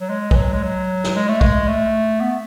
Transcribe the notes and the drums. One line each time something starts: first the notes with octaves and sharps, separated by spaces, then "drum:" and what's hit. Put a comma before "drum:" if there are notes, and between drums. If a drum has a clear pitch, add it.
F#3
G#3
E3, drum: kick
F#3
G#3
F#3
drum: snare
G#3
A3
G#3, drum: kick
A3
B3